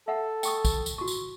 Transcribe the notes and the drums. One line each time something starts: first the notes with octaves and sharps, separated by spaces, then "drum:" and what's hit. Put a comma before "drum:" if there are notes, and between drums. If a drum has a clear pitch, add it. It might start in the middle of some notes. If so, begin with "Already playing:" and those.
A4 E5 F#5
G5 C#6 D#6, drum: tambourine
drum: kick, tambourine
drum: tambourine
F#4 C#6
drum: tambourine